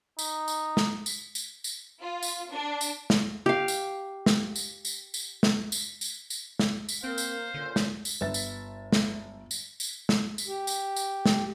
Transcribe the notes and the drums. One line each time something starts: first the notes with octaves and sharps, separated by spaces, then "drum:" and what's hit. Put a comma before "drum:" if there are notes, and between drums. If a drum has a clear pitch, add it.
D#4, drum: tambourine
drum: tambourine
drum: snare
drum: tambourine
drum: tambourine
drum: tambourine
F4
drum: tambourine
D4
drum: tambourine
drum: snare
G4 F5
drum: tambourine
drum: snare
drum: tambourine
drum: tambourine
drum: tambourine
drum: snare
drum: tambourine
drum: tambourine
drum: tambourine
drum: snare
drum: tambourine
A#3 C4 C5 F5
drum: tambourine
A#2 D3 C#4
drum: snare
drum: tambourine
G1 B4 E5 A6
drum: tambourine
drum: snare
drum: tambourine
drum: tambourine
drum: snare
drum: tambourine
G4
drum: tambourine
drum: tambourine
drum: snare